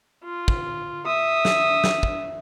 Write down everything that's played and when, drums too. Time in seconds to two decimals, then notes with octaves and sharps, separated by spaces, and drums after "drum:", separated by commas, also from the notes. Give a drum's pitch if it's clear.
0.24 F4
0.48 drum: kick
1.06 E5 D#6
1.45 drum: snare
1.84 drum: snare
2.03 drum: kick